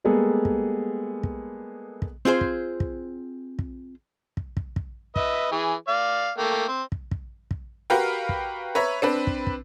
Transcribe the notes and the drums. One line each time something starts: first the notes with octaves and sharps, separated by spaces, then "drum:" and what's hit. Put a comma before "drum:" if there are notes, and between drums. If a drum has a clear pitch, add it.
G3 G#3 A#3 B3 G#4 A4
drum: kick
drum: kick
drum: kick
C4 F4 G#4 C5
drum: kick
drum: kick
drum: kick
drum: kick
drum: kick
drum: kick
B4 D#5 E5, drum: kick
E3 G#4
D5 F5
A3 A#3 G5
C4
drum: kick
drum: kick
drum: kick
F#4 G4 A#4 B4 F5 G5
drum: kick
B4 C#5 E5 A#5
C4 D4 B4
drum: kick
drum: kick